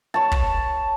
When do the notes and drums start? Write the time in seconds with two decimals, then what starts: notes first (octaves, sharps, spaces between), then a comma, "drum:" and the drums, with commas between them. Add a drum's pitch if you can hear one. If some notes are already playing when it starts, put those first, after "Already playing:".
0.14 C#5 A5
0.32 drum: kick